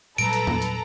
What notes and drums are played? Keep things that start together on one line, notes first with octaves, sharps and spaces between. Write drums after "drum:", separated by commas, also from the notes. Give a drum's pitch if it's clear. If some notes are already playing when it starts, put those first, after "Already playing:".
A#2 F#3 G3 A4 B4 A#5 D7, drum: hi-hat
drum: hi-hat
drum: tom
drum: hi-hat